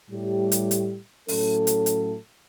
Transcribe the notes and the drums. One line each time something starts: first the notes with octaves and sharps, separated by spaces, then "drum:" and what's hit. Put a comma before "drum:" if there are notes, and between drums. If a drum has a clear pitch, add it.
A2 G3 G4
drum: hi-hat
drum: hi-hat
A2 F#3 C#4 A4, drum: open hi-hat
drum: hi-hat
drum: hi-hat